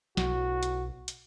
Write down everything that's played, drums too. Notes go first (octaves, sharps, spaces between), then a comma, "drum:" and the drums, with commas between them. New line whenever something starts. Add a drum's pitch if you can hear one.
B1 A2 F#4, drum: snare
drum: hi-hat
drum: hi-hat